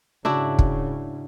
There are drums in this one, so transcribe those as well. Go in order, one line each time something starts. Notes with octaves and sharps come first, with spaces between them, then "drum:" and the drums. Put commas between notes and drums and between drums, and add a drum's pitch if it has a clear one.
G#2 C#3 D4 E4 F#4
drum: kick